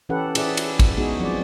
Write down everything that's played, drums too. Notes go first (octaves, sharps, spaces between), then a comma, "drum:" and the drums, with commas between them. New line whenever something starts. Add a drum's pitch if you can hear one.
E3 C#4 G4 A4 B4 F#5
E4 G#4 B4 D5 E5, drum: cymbal
drum: cymbal
drum: kick, cymbal
G#3 B3 D#4 F#4 G#4
F3 F#3 C4 D5